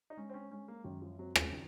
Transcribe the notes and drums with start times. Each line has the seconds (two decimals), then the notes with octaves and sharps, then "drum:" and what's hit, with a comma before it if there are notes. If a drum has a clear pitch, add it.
0.10 D#4
0.17 G#3 C#4
0.29 C4
0.34 C#4
0.51 G#3 C#4
0.68 A#3
0.84 F#2 D#3
1.02 F3
1.19 F#3 C4
1.36 F3, drum: rim click
1.52 D#3 D#4